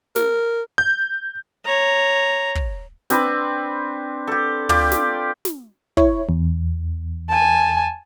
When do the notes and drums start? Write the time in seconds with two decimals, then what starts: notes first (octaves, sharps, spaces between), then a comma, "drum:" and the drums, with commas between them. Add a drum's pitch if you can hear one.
0.16 A#4, drum: snare
0.78 G6
1.64 C#5 A#5
2.55 drum: kick
3.10 C4 D4 B4, drum: snare
4.27 G4 A4
4.69 F4 G4 D5, drum: tom
4.92 drum: snare
5.45 drum: snare
5.97 E4 C#5, drum: kick
6.29 E2
7.29 G#5 A5